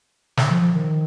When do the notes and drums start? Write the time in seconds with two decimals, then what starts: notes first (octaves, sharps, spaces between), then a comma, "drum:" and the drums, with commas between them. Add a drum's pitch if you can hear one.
0.37 D3, drum: snare
0.50 F3
0.62 F3
0.74 D#3